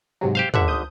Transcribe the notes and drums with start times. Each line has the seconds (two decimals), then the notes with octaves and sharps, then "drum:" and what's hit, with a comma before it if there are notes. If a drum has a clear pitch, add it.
0.21 G#2 C3 F#3
0.35 G4 C5 F5
0.54 G#1 D3 E5 F#5, drum: tom
0.68 D#6 G6